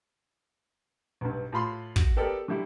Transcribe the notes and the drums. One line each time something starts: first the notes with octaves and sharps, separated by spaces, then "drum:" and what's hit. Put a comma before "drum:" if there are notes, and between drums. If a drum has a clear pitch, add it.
B1 G2
A2 F4 B5 C6
F#4, drum: kick
B3 G4 A4 A#4 D5 G5
D3 F#3 G3 E4